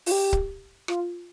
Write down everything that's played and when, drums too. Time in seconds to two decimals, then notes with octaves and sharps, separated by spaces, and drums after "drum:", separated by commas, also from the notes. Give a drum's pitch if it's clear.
0.06 F4, drum: open hi-hat
0.11 G4
0.33 drum: kick
0.88 F4, drum: rim click